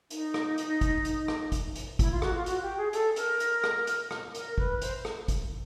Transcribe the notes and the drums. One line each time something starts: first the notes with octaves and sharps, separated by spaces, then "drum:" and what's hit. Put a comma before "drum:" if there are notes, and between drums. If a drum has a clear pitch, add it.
D#4, drum: hi-hat
drum: rim click
drum: hi-hat
drum: kick, hi-hat
drum: hi-hat
drum: rim click
drum: kick, hi-hat
drum: hi-hat
E4, drum: kick, hi-hat
F4
F#4, drum: rim click
F4
F#4, drum: hi-hat
G4
G#4
A4, drum: hi-hat
A#4, drum: hi-hat
drum: hi-hat
drum: rim click
drum: hi-hat
drum: rim click
A#4, drum: hi-hat
B4, drum: kick
C5, drum: hi-hat
drum: rim click
drum: kick, hi-hat